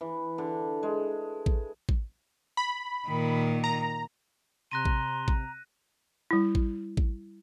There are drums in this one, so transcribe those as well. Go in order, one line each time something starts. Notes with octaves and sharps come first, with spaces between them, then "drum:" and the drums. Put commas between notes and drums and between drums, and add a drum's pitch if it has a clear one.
E3
D3
G#3
drum: kick A1
drum: kick A1
B5
A#2 D#3
A#5
C3 A#5 C6 F#6 A#6 D#7
drum: kick A1
drum: kick A1
G3 E4
drum: kick A1
drum: kick A1